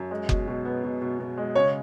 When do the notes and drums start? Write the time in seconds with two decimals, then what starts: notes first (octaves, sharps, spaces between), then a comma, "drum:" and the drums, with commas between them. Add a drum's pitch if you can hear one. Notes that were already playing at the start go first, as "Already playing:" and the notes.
Already playing: F#2
0.11 G#3
0.29 B2, drum: kick F#1
0.47 B2
0.65 B3
0.83 B2
1.01 B2
1.19 B2
1.38 G#3
1.55 C#3 C#5